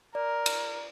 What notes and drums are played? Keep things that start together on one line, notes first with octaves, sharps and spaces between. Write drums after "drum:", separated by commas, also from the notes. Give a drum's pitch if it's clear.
A#4 D5
drum: cymbal